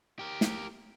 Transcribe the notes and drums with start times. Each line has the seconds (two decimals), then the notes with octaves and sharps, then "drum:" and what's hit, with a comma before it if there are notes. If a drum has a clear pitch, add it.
0.19 G4 A#4
0.41 drum: snare